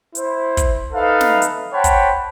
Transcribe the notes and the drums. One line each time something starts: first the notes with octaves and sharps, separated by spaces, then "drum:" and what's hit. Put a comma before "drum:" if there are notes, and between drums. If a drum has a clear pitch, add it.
E4 C5, drum: hi-hat
drum: kick, hi-hat
D#4 A4 B4 E5 F5
drum: snare
drum: hi-hat
C5 C#5 F#5 G5 A5 B5
drum: kick, hi-hat